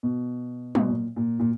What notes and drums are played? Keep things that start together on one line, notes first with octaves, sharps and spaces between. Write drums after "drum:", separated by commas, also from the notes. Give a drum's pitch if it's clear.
B2
B2, drum: tom
A#2
A#2
A#2